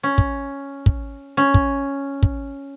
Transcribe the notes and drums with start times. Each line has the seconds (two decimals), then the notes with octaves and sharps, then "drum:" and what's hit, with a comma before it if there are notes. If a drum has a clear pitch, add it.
0.03 C#4
0.18 drum: kick
0.86 drum: kick
1.37 C#4
1.54 drum: kick
2.23 drum: kick